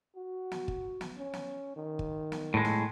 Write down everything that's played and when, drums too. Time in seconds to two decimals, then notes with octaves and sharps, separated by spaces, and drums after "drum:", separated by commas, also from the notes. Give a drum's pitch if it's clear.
0.16 F#4
0.52 drum: snare
0.68 drum: kick
1.01 drum: snare
1.17 C#4
1.33 drum: snare
1.76 D#3
1.99 drum: kick
2.32 drum: snare
2.54 A2 G#3
2.65 drum: snare